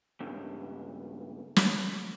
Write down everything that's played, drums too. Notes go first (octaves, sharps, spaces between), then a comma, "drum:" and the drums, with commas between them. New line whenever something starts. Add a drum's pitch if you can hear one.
C#2 G2
drum: snare